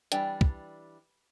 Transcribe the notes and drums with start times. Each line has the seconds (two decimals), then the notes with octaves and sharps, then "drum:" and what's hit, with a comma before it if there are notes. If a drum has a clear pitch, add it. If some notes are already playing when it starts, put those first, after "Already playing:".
0.12 E3 G3 D4 G5, drum: hi-hat
0.41 drum: kick